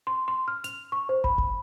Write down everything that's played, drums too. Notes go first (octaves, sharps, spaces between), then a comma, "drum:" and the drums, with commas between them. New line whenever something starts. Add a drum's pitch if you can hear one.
C6
C6
F6
F7, drum: hi-hat
C#6
C5
B5, drum: kick
drum: kick